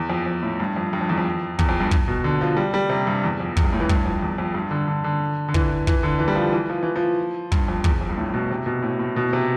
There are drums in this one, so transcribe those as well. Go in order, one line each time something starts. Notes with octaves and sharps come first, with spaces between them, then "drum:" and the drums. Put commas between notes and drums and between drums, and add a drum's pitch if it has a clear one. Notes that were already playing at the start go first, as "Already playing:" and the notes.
Already playing: E2
F2
F2
A2
G2
F2
G2
F2
E2
F2
E2, drum: kick
F2
G2
drum: kick
B2
D3
F3
G3
G3
C3
G2
E2
F2
E2, drum: kick
G2
A2
E3
G2, drum: kick
F2
E2
F2
G2
D3
D3
D3
D3
E3, drum: kick
E3, drum: kick
D3
E3
G3
F3
E3
F3
E3
F3
G2, drum: kick
F2
E2, drum: kick
F2
G2
A2
B2
C3
B2
A2
A2
B2
C3